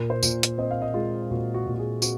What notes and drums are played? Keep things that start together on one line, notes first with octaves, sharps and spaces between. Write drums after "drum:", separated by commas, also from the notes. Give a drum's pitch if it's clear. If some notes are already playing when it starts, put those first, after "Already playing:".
Already playing: A#2 A#4
C5
A#2, drum: tambourine
drum: hi-hat
C4 D#5
F5
D#5
G#3 F4
A#2 F#4
F#4
A#2
F#4
G#4
C4 F#4, drum: tambourine